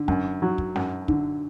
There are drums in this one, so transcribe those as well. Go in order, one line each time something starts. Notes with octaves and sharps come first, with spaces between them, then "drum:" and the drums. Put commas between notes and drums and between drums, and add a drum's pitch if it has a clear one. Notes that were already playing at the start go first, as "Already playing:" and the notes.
Already playing: D3
F#2, drum: kick
F#3
drum: kick
F#2, drum: snare
D3, drum: kick